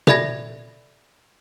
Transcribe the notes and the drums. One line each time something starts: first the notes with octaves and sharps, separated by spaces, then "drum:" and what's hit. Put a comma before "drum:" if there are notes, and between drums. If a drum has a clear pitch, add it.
A4 D5 E5 B5 G#6 A#6, drum: tom B2